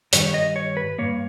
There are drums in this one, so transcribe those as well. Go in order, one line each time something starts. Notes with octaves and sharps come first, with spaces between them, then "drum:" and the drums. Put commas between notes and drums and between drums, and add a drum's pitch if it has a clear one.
G2 D#3 G3 C#5, drum: hi-hat
D#5
C#5
B4
G2 E3 A#3 C#5